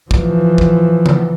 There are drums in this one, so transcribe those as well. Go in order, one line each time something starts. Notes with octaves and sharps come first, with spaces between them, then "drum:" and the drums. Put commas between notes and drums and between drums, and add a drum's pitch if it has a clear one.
E3 F3, drum: kick
drum: kick
drum: tom C#3